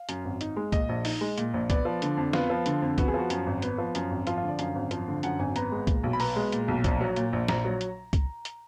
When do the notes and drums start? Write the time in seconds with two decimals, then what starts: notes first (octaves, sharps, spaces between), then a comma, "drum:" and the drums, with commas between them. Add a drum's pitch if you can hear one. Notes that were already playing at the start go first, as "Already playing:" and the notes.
Already playing: F5
0.09 F#2, drum: hi-hat
0.25 G#1
0.41 D#4, drum: hi-hat
0.56 G#3
0.72 A#2 D#5, drum: kick C2, hi-hat
0.89 A#1
1.05 D#4, drum: open hi-hat
1.21 G#3
1.38 A#2, drum: hi-hat
1.54 A#1
1.70 B3 D5, drum: kick C2, hi-hat
1.85 F3
2.02 D3, drum: hi-hat
2.17 F2
2.33 B3 F4, drum: snare
2.50 F3
2.66 D3, drum: hi-hat
2.82 F2
2.98 B3 F#4, drum: kick C2, hi-hat
3.08 G#4
3.14 F3 F#4
3.30 F#2, drum: hi-hat
3.46 G#1
3.62 B3, drum: hi-hat
3.78 F3
3.95 F#2, drum: hi-hat
4.11 G#1
4.27 F3 F4, drum: hi-hat
4.38 F4
4.43 D3
4.48 D5
4.59 F#2 F5, drum: hi-hat
4.75 G#1
4.91 F3, drum: hi-hat
5.08 D3
5.23 F#2 F#5, drum: hi-hat
5.39 G#1 G#5
5.56 B3 A#5, drum: hi-hat
5.72 G#3
5.87 A#2, drum: kick C2, hi-hat
6.03 B1
6.13 B5
6.20 B3 A#5, drum: open hi-hat
6.36 G#3
6.52 A#2, drum: hi-hat
6.68 B1
6.84 A#1, drum: kick C2, hi-hat
7.01 F#3
7.16 A#2, drum: hi-hat
7.33 A#1
7.48 A#1 A#5, drum: snare
7.65 F#3
7.81 drum: hi-hat
8.13 drum: kick C2, hi-hat
8.45 drum: hi-hat